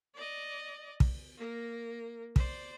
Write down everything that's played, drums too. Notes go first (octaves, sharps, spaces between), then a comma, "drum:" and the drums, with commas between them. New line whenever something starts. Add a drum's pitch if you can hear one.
D5 D#5
drum: kick
A#3 A#4
C5 D5, drum: kick